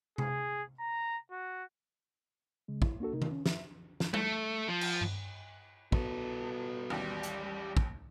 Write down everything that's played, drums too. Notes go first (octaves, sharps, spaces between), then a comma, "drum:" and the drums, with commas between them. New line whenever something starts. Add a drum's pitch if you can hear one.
G#4, drum: tom C3
A#5
F#4
C#3 G#3
E4, drum: kick
A#3 D4 F#4 A4
C2 C3 A3 D#4 A#4
drum: tom D#3
C#4
E5, drum: snare
drum: snare
A3, drum: tom G3
F3
drum: cymbal
drum: tom G2
B2 B3 A4, drum: kick
A1 D#2 G3 G4
drum: hi-hat
drum: kick